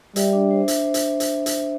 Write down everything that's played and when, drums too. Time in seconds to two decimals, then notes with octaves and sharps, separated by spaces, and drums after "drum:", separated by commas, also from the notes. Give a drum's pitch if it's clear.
0.16 G3 E5, drum: hi-hat
0.33 D4
0.51 C5
0.68 E5, drum: hi-hat
0.85 C5
0.94 drum: hi-hat
1.20 drum: hi-hat
1.46 drum: hi-hat